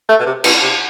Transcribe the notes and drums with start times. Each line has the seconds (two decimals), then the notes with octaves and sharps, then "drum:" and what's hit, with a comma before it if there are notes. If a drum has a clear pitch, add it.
0.09 A3
0.20 B2
0.26 C3
0.44 B2, drum: cymbal
0.63 C3